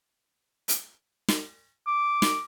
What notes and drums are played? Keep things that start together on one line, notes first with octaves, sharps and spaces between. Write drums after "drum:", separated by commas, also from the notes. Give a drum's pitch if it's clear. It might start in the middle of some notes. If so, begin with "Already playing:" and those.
drum: hi-hat
drum: snare
D6
drum: snare